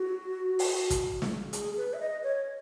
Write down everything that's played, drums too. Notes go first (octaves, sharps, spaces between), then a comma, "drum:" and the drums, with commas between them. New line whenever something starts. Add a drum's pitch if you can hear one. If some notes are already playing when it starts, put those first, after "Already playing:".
Already playing: F#4
drum: open hi-hat
drum: kick, hi-hat
drum: snare
G#4, drum: hi-hat
B4
E5
D#5
C#5